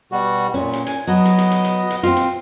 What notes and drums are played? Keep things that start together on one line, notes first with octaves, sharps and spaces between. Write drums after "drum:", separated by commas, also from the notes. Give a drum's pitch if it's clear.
B2 G3 F#4
A#2 C#4
drum: hi-hat
G#5, drum: hi-hat
F#3 B3 D#5
drum: hi-hat
drum: hi-hat
drum: hi-hat
drum: hi-hat
drum: hi-hat
C4 F4, drum: hi-hat
drum: hi-hat